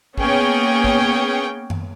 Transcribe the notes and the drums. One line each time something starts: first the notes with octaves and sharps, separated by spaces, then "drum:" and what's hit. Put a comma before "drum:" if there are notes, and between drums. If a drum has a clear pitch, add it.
A#3 B3 C#4 G#4 C#5 G5, drum: kick
drum: kick
drum: tom F#2